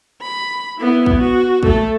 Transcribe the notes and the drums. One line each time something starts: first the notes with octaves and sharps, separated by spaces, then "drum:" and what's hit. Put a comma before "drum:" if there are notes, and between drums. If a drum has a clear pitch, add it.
B5
B3 E4
drum: kick
F#4
A3 A4, drum: kick